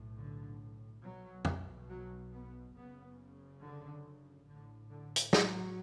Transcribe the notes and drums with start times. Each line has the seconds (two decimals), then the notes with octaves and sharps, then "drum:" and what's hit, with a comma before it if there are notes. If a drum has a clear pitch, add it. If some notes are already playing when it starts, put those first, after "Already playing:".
Already playing: B1 A2
0.18 D3
1.03 B1 B2 F#3
1.45 drum: tom F2
1.89 F#3
2.32 B3
2.75 F#1 F#2 C#3 B3
3.61 D3
4.47 A1 A2 D3
4.90 D3
5.16 drum: hi-hat
5.33 F#3, drum: snare